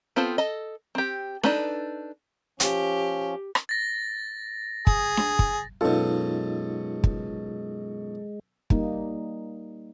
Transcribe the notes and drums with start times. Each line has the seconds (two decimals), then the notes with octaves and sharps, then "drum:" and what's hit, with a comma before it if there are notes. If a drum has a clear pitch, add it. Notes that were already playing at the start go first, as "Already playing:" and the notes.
0.16 B3 C4 F4 A4 C5
0.38 A4 D#5
0.95 C4 G4
1.43 D4 D#4 A4 B4, drum: snare D4
2.60 F3 C#4 G4, drum: hi-hat
3.55 drum: rim click
3.69 A6 A#6
4.87 G#4, drum: kick
5.17 drum: snare D4
5.39 drum: kick
5.81 F#2 B2 G#3 D#4 F4 A4
7.04 drum: kick
8.70 G3 A#3 D#4, drum: kick